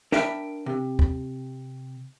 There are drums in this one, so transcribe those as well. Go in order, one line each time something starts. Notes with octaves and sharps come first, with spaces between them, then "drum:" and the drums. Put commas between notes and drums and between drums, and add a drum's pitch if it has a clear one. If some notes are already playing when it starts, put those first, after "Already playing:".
D4 A#4 E5 G5 B5, drum: snare
C3
drum: kick